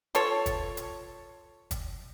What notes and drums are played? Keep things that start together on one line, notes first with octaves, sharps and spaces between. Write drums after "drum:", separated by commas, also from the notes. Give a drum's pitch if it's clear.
F4 A4 C#5, drum: hi-hat
drum: kick, hi-hat
drum: hi-hat
drum: kick, hi-hat